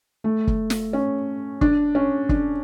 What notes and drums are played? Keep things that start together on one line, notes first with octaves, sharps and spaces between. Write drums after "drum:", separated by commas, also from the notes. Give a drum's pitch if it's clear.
A3
drum: kick
drum: snare
C#4
D4, drum: kick
C#4
D4, drum: kick